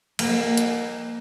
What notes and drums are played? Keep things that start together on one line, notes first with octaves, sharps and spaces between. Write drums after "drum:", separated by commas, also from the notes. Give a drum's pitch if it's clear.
A#3, drum: cymbal
drum: hi-hat